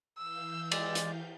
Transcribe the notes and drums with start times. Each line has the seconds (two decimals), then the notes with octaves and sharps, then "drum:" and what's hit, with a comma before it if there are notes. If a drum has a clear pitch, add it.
0.18 E3 F5 E6 G6
0.72 G#3 D5, drum: cymbal
0.95 drum: hi-hat